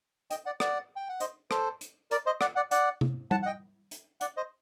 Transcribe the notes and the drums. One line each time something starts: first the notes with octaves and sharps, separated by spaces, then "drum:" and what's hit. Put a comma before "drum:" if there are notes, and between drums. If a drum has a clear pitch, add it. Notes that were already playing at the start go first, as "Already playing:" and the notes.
D#5 G5, drum: hi-hat
D5 F#5
D5 F#5, drum: rim click
G5
F#5
C5 D#5, drum: hi-hat
A4 C5, drum: rim click
drum: hi-hat
A#4 D5, drum: hi-hat
C5 D#5
D5 F#5, drum: rim click
D5 F#5
D5 F#5, drum: hi-hat
drum: tom C3
F#5 A5, drum: tom G3
F#5
D#5 G5
drum: hi-hat
D5 F#5, drum: hi-hat
C5 D#5